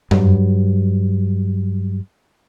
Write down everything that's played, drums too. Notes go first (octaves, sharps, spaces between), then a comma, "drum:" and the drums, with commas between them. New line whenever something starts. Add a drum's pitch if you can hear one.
G2 F#3, drum: tom F#2